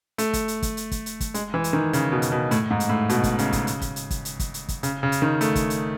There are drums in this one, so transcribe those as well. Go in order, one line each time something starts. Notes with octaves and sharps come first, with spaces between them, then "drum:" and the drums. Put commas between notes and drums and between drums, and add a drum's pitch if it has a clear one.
A3, drum: hi-hat
drum: kick, hi-hat
drum: hi-hat
drum: kick, hi-hat
drum: hi-hat
drum: kick, hi-hat
drum: hi-hat
drum: kick, hi-hat
G#3, drum: hi-hat
E3
drum: hi-hat
D#3
C#3, drum: hi-hat
B2
drum: hi-hat
B2
A2, drum: hi-hat
G#2
drum: hi-hat
A2
B2, drum: hi-hat
drum: kick, hi-hat
C#3, drum: hi-hat
drum: kick, hi-hat
drum: hi-hat
drum: kick, hi-hat
drum: hi-hat
drum: kick, hi-hat
drum: hi-hat
drum: kick, hi-hat
drum: hi-hat
drum: kick, hi-hat
C#3, drum: hi-hat
C#3
drum: hi-hat
D#3
A3, drum: hi-hat
drum: kick, hi-hat
drum: hi-hat